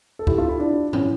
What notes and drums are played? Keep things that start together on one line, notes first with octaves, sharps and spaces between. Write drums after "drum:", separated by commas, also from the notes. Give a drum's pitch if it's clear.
A4
E4 G4, drum: kick C#2
F4 A4
E4 G4
D4 F4
C#4 E4, drum: tom G2